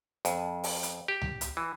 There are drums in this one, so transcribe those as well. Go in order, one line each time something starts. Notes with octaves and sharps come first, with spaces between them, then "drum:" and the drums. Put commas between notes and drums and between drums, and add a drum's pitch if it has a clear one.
F2, drum: hi-hat
drum: open hi-hat
drum: hi-hat
G4
drum: tom C#2
drum: hi-hat
E3